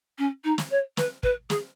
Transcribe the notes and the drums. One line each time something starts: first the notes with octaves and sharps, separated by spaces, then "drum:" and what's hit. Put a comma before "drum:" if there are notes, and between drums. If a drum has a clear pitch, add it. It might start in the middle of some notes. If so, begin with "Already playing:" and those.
C#4
D#4
drum: snare
C#5
B4, drum: snare
B4, drum: kick
G#4, drum: snare